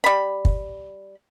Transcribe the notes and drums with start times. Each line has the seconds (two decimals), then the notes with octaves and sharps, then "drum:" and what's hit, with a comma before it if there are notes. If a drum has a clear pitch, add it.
0.04 G3 B5
0.45 drum: kick